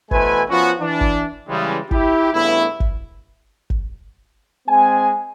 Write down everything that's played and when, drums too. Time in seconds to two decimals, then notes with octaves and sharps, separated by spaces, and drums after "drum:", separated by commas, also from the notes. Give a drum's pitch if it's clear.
0.11 B2 E3 A3 B4 C5 G#5, drum: kick
0.49 F3 B3 C#4 F4 F#4
0.81 E3 D4
1.01 drum: kick
1.49 C#3 E3 G3 G#3
1.91 E4 G4, drum: kick
2.33 G2 C#3 A3 B3 E4
2.80 drum: kick
3.70 drum: kick
4.68 G#3 C4 G#5